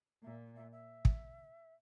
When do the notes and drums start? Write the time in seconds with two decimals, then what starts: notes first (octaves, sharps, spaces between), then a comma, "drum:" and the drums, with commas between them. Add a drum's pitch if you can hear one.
0.24 A#2 E5
0.56 E5
0.72 E5
1.05 drum: kick